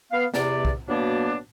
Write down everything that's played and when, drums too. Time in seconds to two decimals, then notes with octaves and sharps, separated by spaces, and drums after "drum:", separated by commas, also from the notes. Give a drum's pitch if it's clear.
0.12 B3 F5
0.34 E2 C3 D5, drum: snare
0.65 drum: kick B1
0.89 B2 F#3 A#3 B3 D4